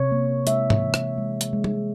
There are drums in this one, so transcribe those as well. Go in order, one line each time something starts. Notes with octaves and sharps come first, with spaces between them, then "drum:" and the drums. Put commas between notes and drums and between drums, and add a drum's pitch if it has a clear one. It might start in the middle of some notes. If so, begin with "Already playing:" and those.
Already playing: C3 C#5
A#3
G#3 E5, drum: hi-hat
drum: tom G#2
E3
drum: rim click
G#3
drum: hi-hat
G#3
drum: tom